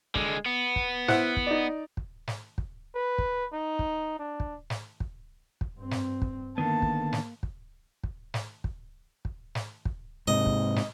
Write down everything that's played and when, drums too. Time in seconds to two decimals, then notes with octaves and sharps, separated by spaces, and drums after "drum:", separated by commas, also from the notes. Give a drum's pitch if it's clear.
0.15 D3 G#3, drum: kick
0.46 B3
0.76 drum: kick
1.08 E4 C5 F#5, drum: snare
1.37 drum: kick
1.47 D#4 D5
1.97 drum: kick
2.27 drum: snare
2.58 drum: kick
2.95 B4
3.18 drum: kick
3.53 D#4
3.79 drum: kick
4.19 D4
4.40 drum: kick
4.70 drum: snare
5.00 drum: kick
5.61 drum: kick
5.78 G2 C4
5.91 drum: snare
6.22 drum: kick
6.58 D3 D#3 A#3 B3 A5
6.82 drum: kick
7.13 drum: snare
7.43 drum: kick
8.04 drum: kick
8.34 drum: snare
8.64 drum: kick
9.25 drum: kick
9.55 drum: snare
9.85 drum: kick
10.28 G#2 C3 D#5
10.46 drum: kick
10.76 drum: snare